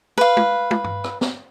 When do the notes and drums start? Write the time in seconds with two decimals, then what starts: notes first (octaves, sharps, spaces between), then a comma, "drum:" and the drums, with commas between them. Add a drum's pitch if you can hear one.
0.18 B4 F5
0.37 drum: tom
0.71 drum: tom
0.84 drum: tom
1.04 drum: rim click
1.21 drum: snare